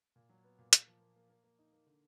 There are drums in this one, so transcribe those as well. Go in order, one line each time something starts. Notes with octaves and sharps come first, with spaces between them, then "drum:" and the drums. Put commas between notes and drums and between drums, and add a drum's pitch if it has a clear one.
A#2
F#3
B3
A#2
A#3, drum: hi-hat
F3
A#3
A#3
A#3
A#3
D#4
A#3
D3